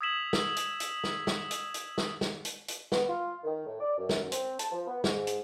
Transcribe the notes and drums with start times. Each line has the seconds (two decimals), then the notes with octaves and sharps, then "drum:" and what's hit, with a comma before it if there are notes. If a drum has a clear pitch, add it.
0.01 D#6 E6 G#6 B6 E7 F#7
0.33 drum: snare
0.57 drum: hi-hat
0.80 drum: hi-hat
1.04 drum: snare
1.27 drum: snare
1.51 drum: hi-hat
1.74 drum: hi-hat
1.98 drum: snare
2.21 drum: snare
2.45 drum: hi-hat
2.68 drum: hi-hat
2.92 B3, drum: snare
3.08 F4
3.44 D#3
3.66 A2
3.80 D5
3.98 F#2
4.09 drum: snare
4.32 C4, drum: hi-hat
4.59 A5, drum: hi-hat
4.72 F3
4.87 B3
5.04 G#2, drum: snare
5.27 drum: hi-hat